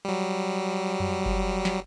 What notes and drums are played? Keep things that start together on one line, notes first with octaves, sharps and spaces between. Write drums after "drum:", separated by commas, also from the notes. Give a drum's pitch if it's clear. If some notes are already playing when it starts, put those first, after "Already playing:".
F#3 G3
drum: tom F2
drum: kick F#1
drum: snare